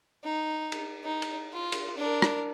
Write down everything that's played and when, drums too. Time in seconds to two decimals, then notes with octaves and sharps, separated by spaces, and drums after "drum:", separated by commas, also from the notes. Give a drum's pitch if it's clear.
0.24 D#4
0.72 drum: cymbal
1.04 D#4
1.22 drum: cymbal
1.53 F4
1.72 drum: cymbal
1.97 D4 A#4
2.22 drum: rim click